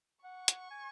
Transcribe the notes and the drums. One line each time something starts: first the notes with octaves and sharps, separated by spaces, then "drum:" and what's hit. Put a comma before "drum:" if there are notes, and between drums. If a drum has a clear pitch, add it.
F#5 C#6
drum: hi-hat
G#5